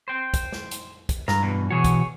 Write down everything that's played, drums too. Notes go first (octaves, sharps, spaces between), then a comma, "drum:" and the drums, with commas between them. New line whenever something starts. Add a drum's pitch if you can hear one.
C5 G5
drum: kick, hi-hat
drum: snare
drum: hi-hat
drum: kick, hi-hat
G2 A#5, drum: snare
B2 E3
B2 E3 F#4 G#4 C#5
drum: kick, hi-hat